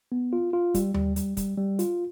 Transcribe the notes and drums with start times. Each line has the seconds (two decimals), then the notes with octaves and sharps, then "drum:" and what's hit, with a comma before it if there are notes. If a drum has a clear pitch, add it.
0.12 B3
0.33 F4
0.53 F4
0.75 G3, drum: kick, hi-hat
0.94 G3, drum: tom D#2
1.16 G3, drum: hi-hat
1.37 G3, drum: kick, hi-hat
1.57 G3
1.79 F4, drum: hi-hat